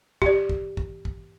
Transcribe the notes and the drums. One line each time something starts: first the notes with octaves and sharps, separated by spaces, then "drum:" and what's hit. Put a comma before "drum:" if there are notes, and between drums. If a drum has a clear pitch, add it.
G4 D5, drum: kick
drum: kick
drum: kick
drum: kick